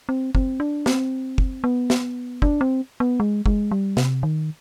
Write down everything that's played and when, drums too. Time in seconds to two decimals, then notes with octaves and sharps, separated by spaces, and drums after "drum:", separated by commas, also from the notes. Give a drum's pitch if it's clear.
0.09 C4
0.35 C4, drum: kick
0.60 D4
0.86 C4, drum: snare
1.38 drum: kick
1.64 B3
1.90 drum: snare
2.42 D4, drum: kick
2.61 C4
3.00 B3
3.20 G#3
3.46 G#3, drum: kick
3.71 G3
3.97 C3, drum: snare
4.23 D#3